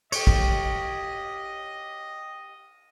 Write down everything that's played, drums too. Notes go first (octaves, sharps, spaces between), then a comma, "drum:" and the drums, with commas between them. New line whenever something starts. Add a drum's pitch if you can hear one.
G4 C#5 D#5, drum: cymbal
drum: kick